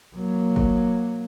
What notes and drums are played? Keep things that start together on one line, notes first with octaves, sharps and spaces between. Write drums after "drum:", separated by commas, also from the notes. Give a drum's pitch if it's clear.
F#3 A#3
drum: kick